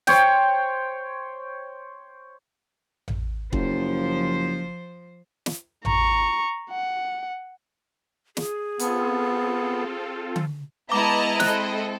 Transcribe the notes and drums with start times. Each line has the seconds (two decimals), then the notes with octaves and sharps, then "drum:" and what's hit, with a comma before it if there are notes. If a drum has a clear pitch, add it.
0.07 C5 C#5 G5, drum: snare
3.08 drum: tom A1
3.53 F#1 F3 C5, drum: kick
5.46 drum: snare
5.85 A#5 C#6, drum: tom A1
6.70 F#5
8.37 G#4, drum: snare
8.79 B3 C4 F4 A4, drum: hi-hat
10.36 drum: tom D3
10.92 G#3 B3 E4 D#5 A5 A#5 D6
11.40 C4 A4 F#6, drum: snare